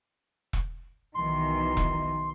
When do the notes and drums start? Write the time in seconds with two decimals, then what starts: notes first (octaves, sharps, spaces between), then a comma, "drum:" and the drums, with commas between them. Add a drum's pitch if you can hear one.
0.53 drum: kick E1
1.15 B1 D#3 E3 C6
1.77 drum: kick E1